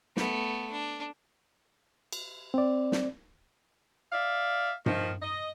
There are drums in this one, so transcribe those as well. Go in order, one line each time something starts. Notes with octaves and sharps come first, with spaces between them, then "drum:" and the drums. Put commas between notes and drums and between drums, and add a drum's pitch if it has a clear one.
A3 B3, drum: snare
D4
drum: cymbal
C4 D5
drum: snare
D5 E5 F5
D#3 F3, drum: tom G2
D#5